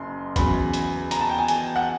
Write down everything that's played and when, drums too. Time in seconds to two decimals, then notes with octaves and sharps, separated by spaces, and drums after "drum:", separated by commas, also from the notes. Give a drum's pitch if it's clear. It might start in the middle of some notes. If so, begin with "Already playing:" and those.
Already playing: F#1 F#2 C6
0.36 E2 C#3 F#3 B5, drum: kick, hi-hat
0.74 drum: hi-hat
1.11 A#5, drum: hi-hat
1.21 A5
1.30 G5
1.39 G#5
1.48 drum: hi-hat
1.76 F#5